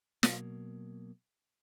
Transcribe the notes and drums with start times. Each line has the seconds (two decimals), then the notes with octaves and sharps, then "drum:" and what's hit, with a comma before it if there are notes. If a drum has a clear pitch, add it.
0.23 B2 F#3 A#3, drum: snare